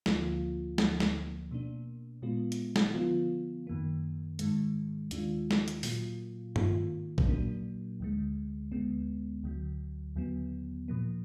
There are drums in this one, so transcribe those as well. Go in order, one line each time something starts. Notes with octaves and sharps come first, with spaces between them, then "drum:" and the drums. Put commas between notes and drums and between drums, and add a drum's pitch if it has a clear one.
D2 D3 F3 A#3 F4, drum: snare
D2 D3 F3 A#3, drum: snare
drum: snare
B2 A#3 D4
A#2 G#3 B3 F4
drum: hi-hat
drum: snare
D3 F3 B3 F4
F#2 D#3 A#3
G#2 D#3 G#3, drum: hi-hat
D#2 D#3 G#3 D4 F4, drum: hi-hat
drum: snare
drum: hi-hat
A#2 F#3 A#3 F4, drum: open hi-hat
G#2 D#3 A#3 F4, drum: tom G2
drum: kick A#1
A#2 F#3 A#3 D4
D2 D3 G#3
D2 D3 G#3 B3
D2 D3 F#3
D#2 D3 F#3 B3
A#2 F3 A#3